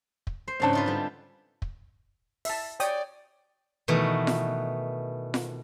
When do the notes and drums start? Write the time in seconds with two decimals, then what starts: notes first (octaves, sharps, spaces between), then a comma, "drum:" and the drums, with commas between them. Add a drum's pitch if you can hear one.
0.27 drum: kick
0.48 C5
0.60 G#2 C#3 C4 D4 F5 A5
0.73 D#4 F4 B4
0.86 D3 G3
1.62 drum: kick
2.45 E5 A5, drum: open hi-hat
2.80 C#5 D5 G5 D#6, drum: hi-hat
3.88 B2 D#3 E3 A3
4.27 drum: snare F4
5.34 drum: snare F4